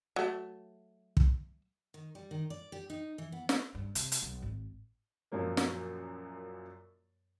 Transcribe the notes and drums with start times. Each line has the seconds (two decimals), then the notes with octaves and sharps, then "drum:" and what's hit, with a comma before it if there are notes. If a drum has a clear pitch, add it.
0.16 F#3 A3
1.17 drum: kick
1.94 D#3
2.15 G3
2.31 D#3
2.50 D5
2.72 G4
2.90 D#4
3.18 E3
3.32 B3
3.49 drum: snare
3.75 G2
3.95 C3, drum: hi-hat
4.12 drum: hi-hat
4.22 B1
4.42 G#1
5.32 F#2 A#2 F3 F#3 A#3
5.57 drum: snare